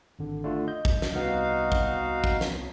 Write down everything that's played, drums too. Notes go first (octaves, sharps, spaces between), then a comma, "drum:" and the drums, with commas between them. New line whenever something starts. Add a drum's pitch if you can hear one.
G#1 D3
D3 A3 F4
D#5 G6
drum: kick
drum: snare
C2 B3 D#4 F#4 F5
drum: kick
drum: kick
drum: snare